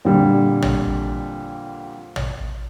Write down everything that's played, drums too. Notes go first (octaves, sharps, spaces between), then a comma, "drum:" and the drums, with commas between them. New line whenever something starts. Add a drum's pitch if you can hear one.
F2 A#2 D3 G3
drum: tom
drum: tom